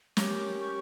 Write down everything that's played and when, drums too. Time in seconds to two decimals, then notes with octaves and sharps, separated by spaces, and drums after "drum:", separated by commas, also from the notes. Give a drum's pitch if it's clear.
0.17 C#4 G4 A#4 C#5 D6, drum: snare
0.61 C#6